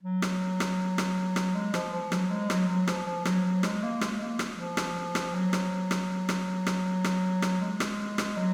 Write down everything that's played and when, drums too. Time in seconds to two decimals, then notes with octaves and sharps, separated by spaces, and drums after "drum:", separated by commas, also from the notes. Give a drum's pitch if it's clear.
0.03 F#3
0.22 drum: rim click
0.60 drum: rim click
0.98 drum: rim click
1.36 drum: rim click
1.55 G#3
1.74 F3, drum: rim click
1.93 F3
2.12 F#3, drum: rim click
2.30 G#3
2.50 F#3, drum: rim click
2.69 F#3
2.87 F3, drum: rim click
3.06 F3
3.25 F#3, drum: rim click
3.45 F#3
3.63 G#3, drum: rim click
3.83 A#3
4.01 G#3, drum: rim click
4.21 A#3
4.39 drum: rim click
4.58 F3
4.77 drum: rim click
5.15 drum: rim click
5.34 F#3
5.53 drum: rim click
5.91 drum: rim click
6.29 drum: rim click
6.67 drum: rim click
7.04 drum: rim click
7.42 drum: rim click
7.61 G#3
7.80 drum: rim click
8.18 drum: rim click
8.37 F#3